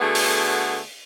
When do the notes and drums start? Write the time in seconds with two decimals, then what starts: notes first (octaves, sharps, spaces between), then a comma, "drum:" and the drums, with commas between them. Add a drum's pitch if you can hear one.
0.01 D3 A3 B3 F#4 G#4
0.15 drum: open hi-hat